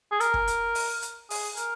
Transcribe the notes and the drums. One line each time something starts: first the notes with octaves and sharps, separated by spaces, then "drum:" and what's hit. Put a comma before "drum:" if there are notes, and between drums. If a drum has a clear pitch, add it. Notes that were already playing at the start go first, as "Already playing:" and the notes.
G#4
A#4, drum: hi-hat
drum: kick
drum: hi-hat
drum: open hi-hat
drum: hi-hat
G#4, drum: open hi-hat
A#4, drum: hi-hat